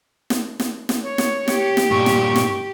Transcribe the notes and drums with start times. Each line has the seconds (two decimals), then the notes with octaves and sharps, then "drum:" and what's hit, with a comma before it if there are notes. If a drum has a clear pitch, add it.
0.30 drum: snare
0.60 drum: snare
0.89 drum: snare
1.03 C#5
1.18 drum: snare
1.48 G4, drum: snare
1.77 drum: snare
1.91 G2 A#2 C#6
2.06 drum: snare
2.36 drum: snare